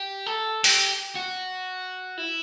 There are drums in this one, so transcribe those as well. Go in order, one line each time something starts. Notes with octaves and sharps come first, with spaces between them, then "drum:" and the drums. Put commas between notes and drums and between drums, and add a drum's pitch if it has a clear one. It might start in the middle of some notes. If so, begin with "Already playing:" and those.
Already playing: G4
A4
G4, drum: open hi-hat
F#4
E4